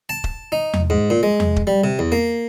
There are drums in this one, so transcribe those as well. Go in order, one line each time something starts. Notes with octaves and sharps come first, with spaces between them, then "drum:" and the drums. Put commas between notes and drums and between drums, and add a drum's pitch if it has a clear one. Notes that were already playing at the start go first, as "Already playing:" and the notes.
A5
drum: kick D#1
D#4
drum: tom E2
G#2
A#2
G#3
drum: tom E2
drum: kick D#1
G3
C3
E2
A#3